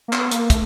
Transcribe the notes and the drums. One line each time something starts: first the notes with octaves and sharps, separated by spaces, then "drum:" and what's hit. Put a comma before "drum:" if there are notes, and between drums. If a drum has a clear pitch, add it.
A#3
B3, drum: clap
A#3, drum: hi-hat
A3, drum: kick, hi-hat